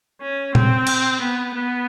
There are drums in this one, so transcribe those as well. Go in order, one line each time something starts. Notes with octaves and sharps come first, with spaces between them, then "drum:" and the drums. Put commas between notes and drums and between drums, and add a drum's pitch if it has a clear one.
C#4
C4, drum: tom A#2
drum: cymbal
B3
B3